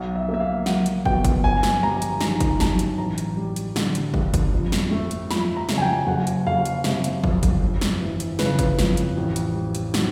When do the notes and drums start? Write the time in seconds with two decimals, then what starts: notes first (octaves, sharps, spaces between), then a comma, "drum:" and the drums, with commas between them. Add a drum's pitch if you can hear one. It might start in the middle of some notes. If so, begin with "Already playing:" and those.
Already playing: B1 F#5
0.16 E5
0.29 A#3
0.34 E5
0.40 F5
0.66 F#3 F#5, drum: snare
0.86 drum: hi-hat
1.05 B2 G5, drum: kick
1.25 drum: kick, hi-hat
1.44 G1 G#5
1.63 drum: snare
1.82 G3 A#5
2.02 drum: hi-hat
2.21 D#3 A#5, drum: snare
2.40 drum: kick, hi-hat
2.60 F#2 A5, drum: snare
2.79 drum: hi-hat
2.98 A1 A#5
3.18 drum: hi-hat
3.37 G3
3.56 drum: hi-hat
3.76 D3, drum: snare
3.95 drum: hi-hat
4.14 G2, drum: kick
4.34 drum: kick, hi-hat
4.53 F2
4.72 drum: snare
4.91 A3
5.11 drum: hi-hat
5.31 F3 B5, drum: snare
5.57 A#5
5.69 C#3, drum: snare
5.78 G#5
5.82 G5
6.07 F#1 F#5
6.27 drum: hi-hat
6.47 F#1 F5
6.65 drum: hi-hat
6.84 C3, drum: snare
7.04 drum: hi-hat
7.24 F2, drum: kick
7.43 drum: kick, hi-hat
7.62 G1
7.81 drum: snare
8.01 E3
8.20 drum: hi-hat
8.39 C#3 B4, drum: snare
8.59 drum: kick, hi-hat
8.79 F2, drum: snare
8.97 drum: hi-hat
9.17 A1
9.36 drum: hi-hat
9.55 G3
9.75 drum: hi-hat
9.94 D#3 F#4, drum: snare